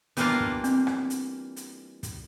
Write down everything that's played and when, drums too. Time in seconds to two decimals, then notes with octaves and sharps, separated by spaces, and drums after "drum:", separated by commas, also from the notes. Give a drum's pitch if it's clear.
0.17 E3 G3 A#3 B3 D4 F4, drum: hi-hat
0.40 drum: kick
0.64 C4, drum: hi-hat
0.87 drum: rim click
1.10 drum: hi-hat
1.56 drum: hi-hat
2.03 drum: kick, hi-hat